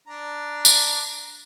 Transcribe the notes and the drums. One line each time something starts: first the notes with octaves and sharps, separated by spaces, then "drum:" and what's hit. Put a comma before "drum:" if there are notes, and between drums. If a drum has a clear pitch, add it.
D4 A#5
drum: tambourine